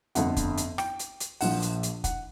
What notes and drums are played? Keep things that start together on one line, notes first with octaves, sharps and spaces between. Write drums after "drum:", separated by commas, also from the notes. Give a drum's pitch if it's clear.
G1 F2 D3 F#5, drum: hi-hat
drum: kick, hi-hat
drum: hi-hat
G5, drum: rim click
drum: hi-hat
drum: hi-hat
A#1 A#2 F3 F#5, drum: open hi-hat
drum: hi-hat
drum: hi-hat
F#5, drum: kick, hi-hat